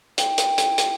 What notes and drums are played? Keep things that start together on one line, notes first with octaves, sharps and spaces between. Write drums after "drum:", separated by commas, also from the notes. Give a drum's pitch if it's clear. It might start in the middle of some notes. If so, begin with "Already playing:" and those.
G5, drum: hi-hat
drum: hi-hat
drum: hi-hat
drum: hi-hat